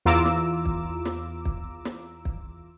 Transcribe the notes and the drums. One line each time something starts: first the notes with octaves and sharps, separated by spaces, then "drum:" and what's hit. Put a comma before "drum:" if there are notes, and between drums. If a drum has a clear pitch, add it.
E2 F4 A#5 D6 E6
drum: snare
drum: kick
drum: snare
drum: kick
drum: snare
drum: kick